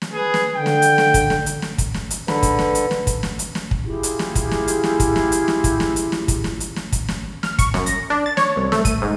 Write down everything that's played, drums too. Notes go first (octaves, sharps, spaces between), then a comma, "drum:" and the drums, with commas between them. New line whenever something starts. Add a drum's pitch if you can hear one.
drum: snare
G#4 B4
drum: snare
D3 G5
drum: snare
drum: hi-hat
drum: snare
drum: kick, hi-hat
drum: snare
drum: hi-hat
drum: snare
drum: kick, hi-hat
drum: snare
drum: hi-hat
D3 B4 B5, drum: snare
drum: kick, hi-hat
drum: snare
drum: hi-hat
drum: snare
drum: kick, hi-hat
drum: snare
drum: hi-hat
drum: snare
drum: kick
E4 F4 G4 G#4
drum: hi-hat
drum: snare
drum: kick, hi-hat
drum: snare
drum: hi-hat
drum: snare
drum: kick, hi-hat
drum: snare
drum: hi-hat
drum: snare
drum: kick, hi-hat
drum: snare
drum: hi-hat
drum: snare
drum: kick, hi-hat
drum: snare
drum: hi-hat
drum: snare
drum: kick, hi-hat
drum: snare
F6, drum: snare
C#6, drum: kick, hi-hat
F#2, drum: snare
A#6, drum: hi-hat
D4
A6
C#5, drum: snare
C2
A3, drum: snare
D#7, drum: kick, hi-hat
G#2